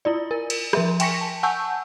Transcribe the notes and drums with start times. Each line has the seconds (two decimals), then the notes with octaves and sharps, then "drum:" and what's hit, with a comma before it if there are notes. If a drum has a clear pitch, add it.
0.05 E4 F4 D5
0.31 A#4
0.50 drum: cymbal
0.73 F3 A#4 E5 C6, drum: rim click
1.00 G5 G#5 C#6 A#6 B6 C#7, drum: cymbal
1.21 A5
1.43 F#5 G#5 A5 C#6 E6 G6